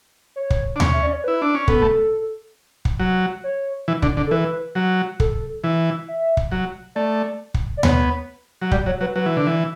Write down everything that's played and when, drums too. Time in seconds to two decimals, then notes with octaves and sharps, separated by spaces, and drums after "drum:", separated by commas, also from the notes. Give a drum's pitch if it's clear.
0.36 C#5
0.50 drum: kick
0.76 D4
0.80 C#4, drum: tom D#2
0.93 E5
1.03 D5
1.13 C#5
1.24 E4 B4
1.42 D4
1.55 C#4
1.68 B3 A4, drum: kick
1.82 A3
2.85 drum: kick
3.00 F#3
3.44 C#5
3.88 E3
4.02 D3, drum: kick
4.17 D3
4.27 A4
4.31 E3 B4
4.75 F#3
5.20 A4, drum: kick
5.64 E3
6.08 E5
6.37 drum: kick
6.52 F#3
6.95 A3 D5
7.54 drum: kick
7.77 D5
7.83 B3 C#5, drum: tom D#2
8.62 F#3
8.71 G3 D5, drum: kick
8.86 F#3 C#5
9.01 F#3 B4
9.16 F#3 B4
9.26 E3
9.37 D3
9.47 E3